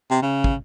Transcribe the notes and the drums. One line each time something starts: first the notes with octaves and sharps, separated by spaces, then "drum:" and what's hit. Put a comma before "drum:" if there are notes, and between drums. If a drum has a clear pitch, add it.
C3
C#3
drum: kick